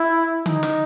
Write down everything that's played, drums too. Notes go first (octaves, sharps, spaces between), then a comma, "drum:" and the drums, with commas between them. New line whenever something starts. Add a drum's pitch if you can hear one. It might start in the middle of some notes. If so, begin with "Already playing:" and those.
Already playing: E4
D#4, drum: tom D3
drum: snare